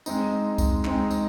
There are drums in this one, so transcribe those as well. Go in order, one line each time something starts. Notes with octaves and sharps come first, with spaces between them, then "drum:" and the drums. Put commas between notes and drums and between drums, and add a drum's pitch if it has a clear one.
G#3 C4 D#4, drum: tambourine
drum: kick C2, tambourine
G#3 C4 D#4, drum: clap
drum: tambourine